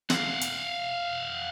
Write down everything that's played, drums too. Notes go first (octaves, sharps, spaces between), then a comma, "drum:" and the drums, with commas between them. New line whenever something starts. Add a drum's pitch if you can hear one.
F5 F#5, drum: snare
drum: hi-hat